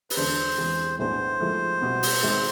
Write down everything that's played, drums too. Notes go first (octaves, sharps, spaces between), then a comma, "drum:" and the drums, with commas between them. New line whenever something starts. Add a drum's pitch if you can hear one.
B4, drum: open hi-hat
E2 D3 G#3 D4 C5
E2 C3 E3 G#3
B1 A2 G#3 B3 D4 C5
G#2 F3 A3
C2 B2 B3
drum: open hi-hat
G#1 G#2 G#3